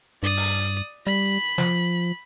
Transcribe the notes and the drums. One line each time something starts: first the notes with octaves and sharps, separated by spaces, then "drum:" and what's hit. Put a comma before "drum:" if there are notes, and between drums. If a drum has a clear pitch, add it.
G2 D5 D#6
drum: open hi-hat
G3 B5
F3, drum: snare